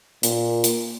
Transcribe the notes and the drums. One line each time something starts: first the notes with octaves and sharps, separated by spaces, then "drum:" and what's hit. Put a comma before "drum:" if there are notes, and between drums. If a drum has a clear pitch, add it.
A#2, drum: hi-hat
drum: hi-hat